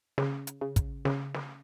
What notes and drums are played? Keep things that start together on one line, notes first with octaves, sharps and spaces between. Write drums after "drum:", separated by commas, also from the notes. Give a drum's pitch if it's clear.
C#3, drum: snare
drum: hi-hat
C#3
drum: kick, hi-hat
C#3, drum: snare
drum: snare